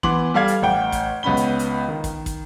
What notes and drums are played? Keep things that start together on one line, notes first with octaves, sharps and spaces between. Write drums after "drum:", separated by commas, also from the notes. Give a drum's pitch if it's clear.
E3 B3 C6 D6 F#7, drum: kick
G3 A4 D5 F5 F6 G#6
drum: hi-hat
A1 F#5 G5
drum: kick, hi-hat
C#2 B3 C#4 B5 G7
drum: hi-hat
drum: hi-hat
D#3
drum: kick, hi-hat
drum: kick, hi-hat